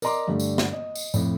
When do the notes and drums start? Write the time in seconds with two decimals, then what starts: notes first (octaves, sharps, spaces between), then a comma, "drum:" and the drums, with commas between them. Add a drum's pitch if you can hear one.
0.02 A#4 D5 D#5 A#5 C6 D6, drum: tambourine
0.27 G2 D3 G3 A3
0.40 drum: tambourine
0.58 drum: snare
0.73 D#5
0.95 drum: tambourine
1.14 F2 A2, drum: tambourine